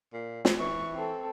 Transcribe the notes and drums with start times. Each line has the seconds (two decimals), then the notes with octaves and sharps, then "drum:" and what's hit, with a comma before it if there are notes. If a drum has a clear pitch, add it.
0.13 A#2
0.45 drum: snare
0.59 E3 C#6
0.95 C4 A4